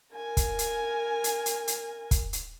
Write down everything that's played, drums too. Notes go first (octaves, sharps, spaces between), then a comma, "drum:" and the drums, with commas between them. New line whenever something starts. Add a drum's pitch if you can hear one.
A#4 G#5
drum: kick, hi-hat
drum: hi-hat
drum: hi-hat
drum: hi-hat
drum: hi-hat
drum: kick, hi-hat
drum: hi-hat